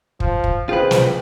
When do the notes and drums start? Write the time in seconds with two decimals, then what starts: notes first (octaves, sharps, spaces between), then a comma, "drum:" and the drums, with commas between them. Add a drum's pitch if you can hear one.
0.20 F3, drum: kick
0.44 drum: kick
0.69 C#2 F4 G#4 B4 C5 G5
0.91 drum: snare